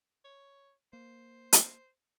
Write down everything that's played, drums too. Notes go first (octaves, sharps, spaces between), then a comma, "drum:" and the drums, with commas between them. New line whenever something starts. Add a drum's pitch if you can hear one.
C#5
A#3 C5
drum: hi-hat